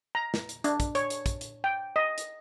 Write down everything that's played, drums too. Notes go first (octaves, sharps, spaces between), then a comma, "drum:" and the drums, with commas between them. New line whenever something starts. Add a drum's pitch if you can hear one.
A#5
drum: snare
drum: hi-hat
D4, drum: hi-hat
drum: kick, hi-hat
C#5, drum: hi-hat
drum: hi-hat
drum: kick, hi-hat
drum: hi-hat
G5
D#5
drum: hi-hat